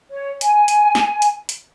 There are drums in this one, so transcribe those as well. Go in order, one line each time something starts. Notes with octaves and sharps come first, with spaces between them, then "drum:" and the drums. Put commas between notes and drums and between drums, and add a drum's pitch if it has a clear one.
C#5
G#5, drum: hi-hat
drum: hi-hat
drum: snare
drum: hi-hat
drum: hi-hat